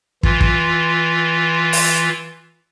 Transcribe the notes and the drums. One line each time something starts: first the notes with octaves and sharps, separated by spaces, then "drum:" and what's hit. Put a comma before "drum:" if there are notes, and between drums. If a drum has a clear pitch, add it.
E3 F4, drum: kick
drum: kick
drum: open hi-hat